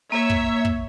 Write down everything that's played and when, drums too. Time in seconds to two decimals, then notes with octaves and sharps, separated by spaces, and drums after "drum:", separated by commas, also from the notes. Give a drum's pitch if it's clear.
0.12 A#3 C#5 E5
0.30 drum: kick
0.65 drum: kick